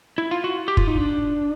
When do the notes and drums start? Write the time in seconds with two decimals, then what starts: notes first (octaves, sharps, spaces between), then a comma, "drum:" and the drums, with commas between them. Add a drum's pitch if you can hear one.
0.18 E4
0.31 F4
0.44 F#4
0.68 G4
0.77 F4, drum: kick
0.87 D#4
0.98 D4